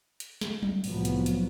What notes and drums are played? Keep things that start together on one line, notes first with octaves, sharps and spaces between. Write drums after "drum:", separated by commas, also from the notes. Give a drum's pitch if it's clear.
drum: hi-hat
drum: snare
drum: tom F#3
C2 A2 F3 F#3 B3, drum: open hi-hat
drum: hi-hat
drum: hi-hat